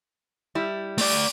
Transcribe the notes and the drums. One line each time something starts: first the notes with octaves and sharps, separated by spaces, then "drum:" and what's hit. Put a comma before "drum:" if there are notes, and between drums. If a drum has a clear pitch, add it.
G3 E4
A3 D5, drum: open hi-hat